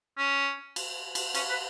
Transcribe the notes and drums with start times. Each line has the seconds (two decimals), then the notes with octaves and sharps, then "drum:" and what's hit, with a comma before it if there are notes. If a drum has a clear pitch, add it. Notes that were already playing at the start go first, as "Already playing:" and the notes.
0.18 C#4
0.76 drum: cymbal
1.15 drum: cymbal
1.35 C#4, drum: cymbal
1.49 B4